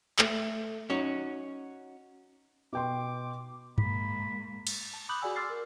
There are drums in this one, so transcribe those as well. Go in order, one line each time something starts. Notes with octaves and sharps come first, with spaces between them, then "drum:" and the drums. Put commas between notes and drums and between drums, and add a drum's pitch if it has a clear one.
A3, drum: clap
C#4 D#4 F#4
B2 G5 C6 D6
G#3 A#3 B5, drum: tom G2
drum: cymbal
A5
B5 D6 D#6 F#6 G6 F#7
F#4 G#4 D5 F#5 G#5 E6
C6 D6 E6 F6 A6 C7
A#4